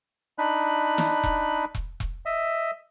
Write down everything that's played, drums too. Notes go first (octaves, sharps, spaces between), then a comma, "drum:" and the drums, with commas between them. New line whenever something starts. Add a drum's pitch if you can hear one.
D4 D#4 B5 F#6
drum: snare
drum: kick E1
drum: kick E1
drum: kick E1
D#5 E5